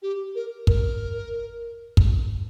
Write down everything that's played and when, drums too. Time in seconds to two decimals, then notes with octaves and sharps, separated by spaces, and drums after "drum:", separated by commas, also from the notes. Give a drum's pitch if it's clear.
0.02 G4
0.35 A#4
0.67 A#4, drum: kick
1.97 drum: kick